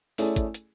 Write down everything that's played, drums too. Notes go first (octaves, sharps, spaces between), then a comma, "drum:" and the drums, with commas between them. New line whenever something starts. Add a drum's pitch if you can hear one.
A3 C#4 E4 G#4 D5, drum: open hi-hat
drum: kick, hi-hat
drum: hi-hat